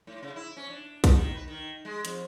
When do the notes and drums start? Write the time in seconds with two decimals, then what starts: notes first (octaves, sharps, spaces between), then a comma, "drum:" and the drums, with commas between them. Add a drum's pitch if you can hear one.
0.07 A2
0.23 C#3
0.36 E4
0.57 C#4
0.70 D4
1.04 drum: kick, hi-hat
1.13 D#3
1.35 B4
1.48 D#3
1.85 G#3
2.05 F2, drum: hi-hat